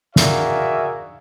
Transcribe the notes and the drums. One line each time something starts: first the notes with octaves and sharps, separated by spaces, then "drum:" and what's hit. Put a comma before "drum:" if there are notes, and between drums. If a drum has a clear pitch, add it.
F#4 G#4 A#4 D5 E5 F5, drum: snare